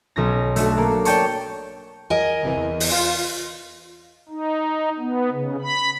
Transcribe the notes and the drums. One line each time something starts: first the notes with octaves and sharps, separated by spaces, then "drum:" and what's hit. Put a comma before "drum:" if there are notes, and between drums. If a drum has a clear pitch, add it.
B1 C#4 A#6
A3 D4 F#4, drum: hi-hat
A#3
C#5 D5 G5 A5 C#6, drum: hi-hat
A#4 D#5 G#5
G1 C3 E3
E2
drum: open hi-hat
F4
D#4
B3
C#3
B5